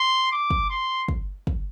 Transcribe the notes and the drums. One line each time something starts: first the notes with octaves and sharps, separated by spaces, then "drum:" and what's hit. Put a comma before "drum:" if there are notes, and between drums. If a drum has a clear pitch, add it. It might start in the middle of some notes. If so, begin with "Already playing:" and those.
Already playing: C6
D6
drum: kick
C6
drum: kick
drum: kick